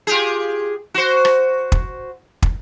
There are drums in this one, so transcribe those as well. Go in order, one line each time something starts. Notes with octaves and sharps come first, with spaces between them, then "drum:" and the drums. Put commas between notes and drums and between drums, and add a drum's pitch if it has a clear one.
F4 G4 G#4
F#4 C5
drum: rim click
drum: kick
drum: kick